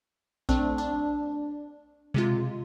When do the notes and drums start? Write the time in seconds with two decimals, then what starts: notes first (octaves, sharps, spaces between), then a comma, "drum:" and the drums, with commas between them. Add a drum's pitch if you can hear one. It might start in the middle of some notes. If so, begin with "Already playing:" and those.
0.49 A3 C4 D4, drum: kick A#1
0.78 D4
2.14 C3 G#3 F4, drum: tom B2